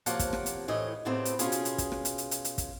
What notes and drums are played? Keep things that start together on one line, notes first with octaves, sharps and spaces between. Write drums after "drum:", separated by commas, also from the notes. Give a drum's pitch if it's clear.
C3 F3 A#3 C#5 F#5 A5, drum: hi-hat
drum: kick, hi-hat
drum: rim click
drum: hi-hat
A2 E3 A3 C#5 D#5
A2 C#3 A3 B3 C4 G4
drum: hi-hat
B2 C#4 F4 G#4, drum: hi-hat
drum: hi-hat
drum: hi-hat
drum: kick, hi-hat
drum: rim click
drum: hi-hat
drum: hi-hat
drum: hi-hat
drum: hi-hat
drum: kick, hi-hat